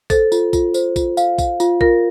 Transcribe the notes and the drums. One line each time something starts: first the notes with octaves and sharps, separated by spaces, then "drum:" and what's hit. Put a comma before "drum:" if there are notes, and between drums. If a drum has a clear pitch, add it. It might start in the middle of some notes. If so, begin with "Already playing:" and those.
A4 C5, drum: kick A#1, tambourine
F4, drum: tambourine
F4, drum: kick A#1, tambourine
C5, drum: tambourine
F4, drum: kick A#1, tambourine
F5, drum: tambourine
F5, drum: kick A#1, tambourine
F4, drum: tambourine
F4 A#4, drum: kick A#1